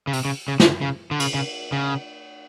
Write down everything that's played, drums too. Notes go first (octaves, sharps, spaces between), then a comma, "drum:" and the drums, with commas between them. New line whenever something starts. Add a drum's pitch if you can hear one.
C#3
C3, drum: open hi-hat
C#3
C#3
D3, drum: snare
C#3
D3
C#3, drum: cymbal
C#3
C#3